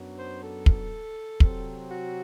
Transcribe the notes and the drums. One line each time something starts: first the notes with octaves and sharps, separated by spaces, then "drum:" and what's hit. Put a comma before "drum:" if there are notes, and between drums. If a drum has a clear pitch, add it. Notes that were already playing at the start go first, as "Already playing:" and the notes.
Already playing: F#2 F#3 B3 D4
C5
A4
drum: kick
C3 F#3 C4, drum: kick
F#4